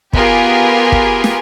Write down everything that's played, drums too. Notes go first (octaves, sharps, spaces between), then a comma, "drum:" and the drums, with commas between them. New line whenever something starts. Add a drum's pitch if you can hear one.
B3 F4 G4 G#4 A#4, drum: kick
drum: kick
drum: snare